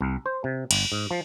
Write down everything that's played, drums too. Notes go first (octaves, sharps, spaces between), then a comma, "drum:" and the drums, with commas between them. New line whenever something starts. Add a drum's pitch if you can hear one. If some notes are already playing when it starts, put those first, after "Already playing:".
C2
C5
C3
G1, drum: cymbal
G#2
F3